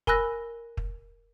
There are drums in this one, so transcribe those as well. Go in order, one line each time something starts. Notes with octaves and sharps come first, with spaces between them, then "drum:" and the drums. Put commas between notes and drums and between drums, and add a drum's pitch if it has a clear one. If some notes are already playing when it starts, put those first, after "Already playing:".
A#4 G#5 B5 E6 F#6 A#6, drum: kick
drum: kick